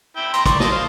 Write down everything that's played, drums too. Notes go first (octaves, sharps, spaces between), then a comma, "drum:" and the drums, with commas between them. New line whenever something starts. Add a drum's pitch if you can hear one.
E4 G5
G5 A#5 C6, drum: hi-hat
D5 C6 C#6, drum: kick, hi-hat
D#5 A5, drum: snare
C5 F5